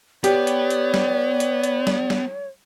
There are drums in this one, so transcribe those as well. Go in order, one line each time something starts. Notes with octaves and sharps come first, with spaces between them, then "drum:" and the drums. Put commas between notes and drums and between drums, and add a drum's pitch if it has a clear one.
B3 G4 C#5 D5, drum: hi-hat
drum: hi-hat
drum: hi-hat
drum: snare
drum: hi-hat
drum: hi-hat
drum: snare
drum: snare